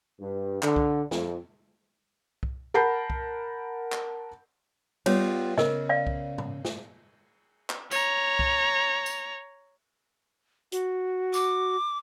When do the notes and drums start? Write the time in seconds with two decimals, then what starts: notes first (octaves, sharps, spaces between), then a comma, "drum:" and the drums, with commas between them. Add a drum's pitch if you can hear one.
0.21 G2
0.63 D3, drum: clap
0.76 drum: kick C2
1.11 F2, drum: snare
2.43 drum: kick C2
2.74 A#4 F#5 A5 B5 G6 C7
3.10 drum: kick C2
3.92 drum: clap
5.06 G3 B3 F4 C#5, drum: cymbal
5.58 C#3 A#4 D#5, drum: snare
5.89 D5 F5
6.07 drum: kick C2
6.38 drum: tom G#2
6.65 drum: snare
7.70 drum: clap
7.91 C#5 A#5, drum: tambourine
8.39 drum: kick C2
9.06 drum: tambourine
10.72 F#4, drum: hi-hat
11.34 D6, drum: tambourine